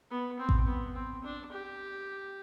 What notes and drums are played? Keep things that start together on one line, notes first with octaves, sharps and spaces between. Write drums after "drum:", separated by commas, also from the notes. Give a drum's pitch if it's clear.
B3
C4
drum: kick A1
B3
C4
D4
G4